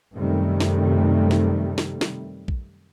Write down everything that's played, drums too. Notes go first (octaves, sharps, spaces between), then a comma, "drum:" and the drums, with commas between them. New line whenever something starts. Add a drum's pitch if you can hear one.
F#2 C3 D#3 G3 A3
drum: snare
drum: snare
drum: snare
drum: snare
drum: kick A#1